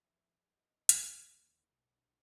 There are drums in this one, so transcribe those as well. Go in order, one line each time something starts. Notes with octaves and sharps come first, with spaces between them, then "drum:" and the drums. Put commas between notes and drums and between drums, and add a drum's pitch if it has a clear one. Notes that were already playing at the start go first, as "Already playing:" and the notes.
F3 E5
D#5
A#3, drum: hi-hat
D#2 D3 E3
B1 A2
D4